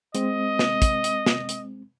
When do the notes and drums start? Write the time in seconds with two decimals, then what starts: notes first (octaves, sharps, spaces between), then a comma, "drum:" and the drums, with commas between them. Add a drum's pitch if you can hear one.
0.15 G#3 C4 D#5, drum: hi-hat
0.59 drum: snare
0.82 drum: kick, hi-hat
1.04 drum: hi-hat
1.26 drum: snare
1.49 drum: hi-hat